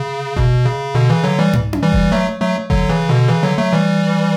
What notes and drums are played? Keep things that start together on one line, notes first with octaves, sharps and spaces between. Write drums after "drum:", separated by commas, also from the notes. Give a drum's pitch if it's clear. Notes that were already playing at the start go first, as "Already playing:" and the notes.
Already playing: C#3
B2, drum: kick F#1
C#3
B2 D3
C#3 E3
D3 F#3
E3 G3
drum: tom
drum: tom C#4
E3 G3
drum: kick F#1
F#3 A3
F#3 A3
D3 F#3, drum: kick F#1
C#3 E3
B2 D3
C#3 E3
D3 F#3
F#3 A3
E3 G3